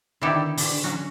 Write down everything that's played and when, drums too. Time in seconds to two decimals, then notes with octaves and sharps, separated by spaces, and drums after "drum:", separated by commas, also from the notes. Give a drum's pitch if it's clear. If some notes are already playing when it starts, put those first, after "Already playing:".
0.21 D3 D#3 B3 E4 G4 A4
0.57 D3, drum: open hi-hat
0.84 F#3 C#4 F#4